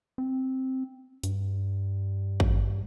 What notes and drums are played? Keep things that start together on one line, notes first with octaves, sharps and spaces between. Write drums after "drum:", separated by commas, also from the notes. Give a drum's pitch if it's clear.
C4
G2, drum: hi-hat
drum: kick G#1